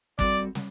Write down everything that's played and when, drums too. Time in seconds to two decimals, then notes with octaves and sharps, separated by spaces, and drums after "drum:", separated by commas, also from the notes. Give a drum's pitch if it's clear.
0.19 G3 C4 F#4 A4 D5, drum: kick
0.55 G3, drum: snare